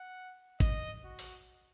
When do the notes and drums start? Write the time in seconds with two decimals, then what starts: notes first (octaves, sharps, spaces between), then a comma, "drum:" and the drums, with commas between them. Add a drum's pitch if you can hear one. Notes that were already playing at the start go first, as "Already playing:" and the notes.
Already playing: F#5
0.60 D#5, drum: kick G#1, hi-hat
1.04 F#4
1.19 drum: open hi-hat